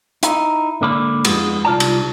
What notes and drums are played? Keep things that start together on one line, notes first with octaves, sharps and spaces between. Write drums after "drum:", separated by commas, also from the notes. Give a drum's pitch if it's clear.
D#4 E4, drum: hi-hat
G#2 D3 A#3 D5 E5 B5
F2 G#3 B3, drum: cymbal
C2 F4 D5 A5
drum: cymbal